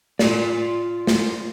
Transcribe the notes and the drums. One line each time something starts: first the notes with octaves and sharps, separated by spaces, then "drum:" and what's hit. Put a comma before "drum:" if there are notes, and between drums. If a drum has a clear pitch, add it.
F4 D5, drum: snare
drum: snare